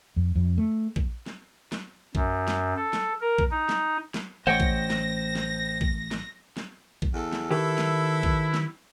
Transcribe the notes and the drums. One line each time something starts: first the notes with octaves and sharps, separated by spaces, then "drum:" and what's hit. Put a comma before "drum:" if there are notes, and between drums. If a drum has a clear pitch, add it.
F2
F2
A3
drum: kick A#1
drum: snare
drum: snare
F#2, drum: kick A#1
drum: snare
A4
drum: snare
A#4
drum: kick A#1
D#4
drum: snare
drum: snare
A1 C5 C#5 D#5 F#5 G5 A#6
drum: kick A#1
drum: snare
drum: snare
drum: kick A#1
drum: snare
drum: snare
drum: kick A#1
E2 A4
drum: snare
D#3 E4 G4 A4 B4 E5
drum: snare
drum: kick A#1
drum: snare